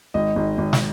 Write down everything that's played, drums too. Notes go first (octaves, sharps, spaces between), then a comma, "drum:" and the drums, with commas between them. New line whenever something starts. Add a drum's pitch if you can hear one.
G#1 D#5
G#1
G#1
drum: snare